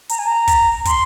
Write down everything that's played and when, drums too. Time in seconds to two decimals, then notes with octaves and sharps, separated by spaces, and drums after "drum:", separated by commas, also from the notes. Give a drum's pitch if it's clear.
0.09 A#5, drum: hi-hat
0.18 G#5
0.27 A#5
0.47 drum: kick, hi-hat
0.85 C6, drum: kick, hi-hat